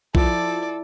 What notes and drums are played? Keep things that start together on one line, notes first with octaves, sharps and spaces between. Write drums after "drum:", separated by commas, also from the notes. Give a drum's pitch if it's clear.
F3 E4 A4 D5, drum: kick